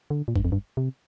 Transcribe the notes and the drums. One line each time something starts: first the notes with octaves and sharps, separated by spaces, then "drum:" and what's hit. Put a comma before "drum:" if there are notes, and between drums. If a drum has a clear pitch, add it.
D3
A#2
G2, drum: kick
F2
G2
C3